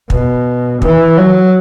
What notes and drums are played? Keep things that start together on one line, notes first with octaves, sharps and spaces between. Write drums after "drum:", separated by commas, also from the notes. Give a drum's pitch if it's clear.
B2, drum: kick
E3, drum: kick
F#3